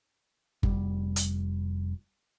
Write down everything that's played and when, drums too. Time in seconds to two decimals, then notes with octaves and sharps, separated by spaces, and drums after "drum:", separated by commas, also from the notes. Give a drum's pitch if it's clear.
0.63 F1 G3, drum: kick G1
1.16 drum: hi-hat